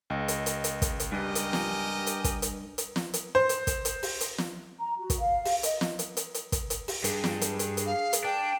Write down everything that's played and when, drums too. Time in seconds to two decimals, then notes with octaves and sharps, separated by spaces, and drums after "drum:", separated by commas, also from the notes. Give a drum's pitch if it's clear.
0.10 C#2 D#5
0.28 drum: hi-hat
0.46 drum: hi-hat
0.64 drum: hi-hat
0.82 drum: kick, hi-hat
1.00 drum: hi-hat
1.12 G2 G4 A#4 D#5 G#5
1.35 drum: hi-hat
1.53 drum: snare
2.07 drum: hi-hat
2.24 drum: kick, hi-hat
2.42 drum: hi-hat
2.78 drum: hi-hat
2.96 drum: snare
3.14 drum: hi-hat
3.35 C5
3.49 drum: hi-hat
3.67 drum: kick, hi-hat
3.85 drum: hi-hat
4.03 drum: open hi-hat
4.21 drum: hi-hat
4.38 drum: snare
4.80 A#5
4.99 F#4
5.10 drum: kick, hi-hat
5.19 F5
5.45 drum: open hi-hat
5.63 D#5, drum: hi-hat
5.81 drum: snare
5.99 drum: hi-hat
6.17 drum: hi-hat
6.34 drum: hi-hat
6.52 drum: kick, hi-hat
6.70 drum: hi-hat
6.88 drum: open hi-hat
7.04 G2 G#4, drum: hi-hat
7.24 drum: snare
7.41 drum: hi-hat
7.59 drum: hi-hat
7.77 drum: hi-hat
7.86 F5
8.13 drum: hi-hat
8.25 D4 G5